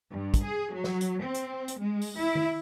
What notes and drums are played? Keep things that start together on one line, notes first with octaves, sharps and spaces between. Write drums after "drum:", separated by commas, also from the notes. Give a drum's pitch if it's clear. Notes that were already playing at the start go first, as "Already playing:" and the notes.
G2
drum: kick, hi-hat
G#4
F#3
drum: snare
drum: hi-hat
C4
drum: hi-hat
drum: hi-hat
G#3
drum: open hi-hat
E4
drum: tom D#3